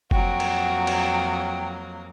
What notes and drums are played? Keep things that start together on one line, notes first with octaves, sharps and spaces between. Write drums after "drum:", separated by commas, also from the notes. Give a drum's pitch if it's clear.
F2 F#3 A#3 F#4 G5, drum: kick F#1
drum: cymbal
drum: cymbal